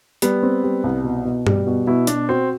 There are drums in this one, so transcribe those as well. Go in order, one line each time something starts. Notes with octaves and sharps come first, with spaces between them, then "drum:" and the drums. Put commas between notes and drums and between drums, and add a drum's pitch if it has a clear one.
G3 B3, drum: hi-hat
C4
G3
C2
B2
B2
G3, drum: tom G2
B2
B2 E4
B2 D4, drum: hi-hat
C4 F#4